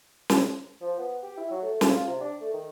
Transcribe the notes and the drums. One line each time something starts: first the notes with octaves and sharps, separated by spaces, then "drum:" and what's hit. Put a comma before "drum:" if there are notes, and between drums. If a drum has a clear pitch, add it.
drum: snare
F3
B3
G4
E4
F#3
A3
drum: snare
F4
C3
D4
A3
D#3